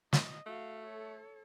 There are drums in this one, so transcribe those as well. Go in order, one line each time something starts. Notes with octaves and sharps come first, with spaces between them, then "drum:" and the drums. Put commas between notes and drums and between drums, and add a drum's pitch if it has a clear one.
D#5, drum: snare
A3 F#4 F5
A4 C#5